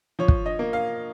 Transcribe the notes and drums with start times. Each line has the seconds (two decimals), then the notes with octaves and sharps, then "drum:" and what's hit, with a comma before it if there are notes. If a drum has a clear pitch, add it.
0.19 F3 C#5
0.28 drum: kick
0.46 D#5
0.59 A#3
0.73 F5